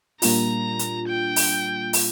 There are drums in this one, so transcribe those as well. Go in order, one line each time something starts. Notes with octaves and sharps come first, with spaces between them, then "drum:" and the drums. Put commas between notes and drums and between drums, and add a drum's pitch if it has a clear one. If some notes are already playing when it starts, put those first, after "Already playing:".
A#2 G3 A#3 D4 F4 A#5, drum: open hi-hat
drum: hi-hat
G5
drum: open hi-hat
drum: open hi-hat